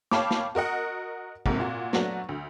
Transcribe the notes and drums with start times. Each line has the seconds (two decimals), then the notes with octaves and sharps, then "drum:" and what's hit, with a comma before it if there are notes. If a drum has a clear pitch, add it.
0.11 C#5 F5 G5 A5 B5 D6, drum: snare
0.31 drum: snare
0.55 F#4 A#4 D#5 F#5
1.46 F1 G#2 C3 A#3 F#4, drum: kick
1.59 A#2 F#4
1.93 F#3 A3 B3 D4 F#4, drum: snare
2.29 D2